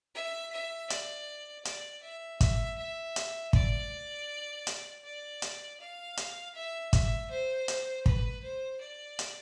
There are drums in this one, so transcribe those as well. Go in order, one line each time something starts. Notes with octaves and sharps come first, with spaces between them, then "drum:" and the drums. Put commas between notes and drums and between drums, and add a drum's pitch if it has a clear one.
E5
E5
D5, drum: hi-hat
D5, drum: hi-hat
E5
E5, drum: kick, hi-hat
E5
drum: hi-hat
D5, drum: kick
drum: hi-hat
D5
drum: hi-hat
F5
drum: hi-hat
E5
E5, drum: kick, hi-hat
C5
drum: hi-hat
B4, drum: kick
C5
D5
drum: hi-hat